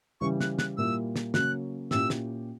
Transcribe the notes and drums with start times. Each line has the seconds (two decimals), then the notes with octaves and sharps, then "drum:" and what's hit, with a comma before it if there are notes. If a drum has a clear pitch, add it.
0.21 C#3 E3 G3 C#4 C#6
0.41 F#6, drum: snare
0.59 F#6, drum: snare
0.78 A#2 G3 A#3 E4 E6
1.16 drum: snare
1.34 C#3 F#3 A#3 C#4 F#6, drum: snare
1.91 A#2 A#3 C#4 E4 G4 E6, drum: snare
2.10 drum: snare